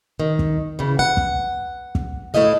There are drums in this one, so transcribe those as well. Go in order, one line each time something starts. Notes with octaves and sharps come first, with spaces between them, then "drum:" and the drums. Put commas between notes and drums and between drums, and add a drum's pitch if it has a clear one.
D#3
drum: kick
C#3 E3
F#5
drum: kick
drum: kick
A2 A3 B3 E4 D#5 F5